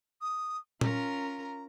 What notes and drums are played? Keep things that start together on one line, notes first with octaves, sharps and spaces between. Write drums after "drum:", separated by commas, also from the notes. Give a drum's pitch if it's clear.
D#6
C#4 F4 A#4 A#5, drum: tom A#2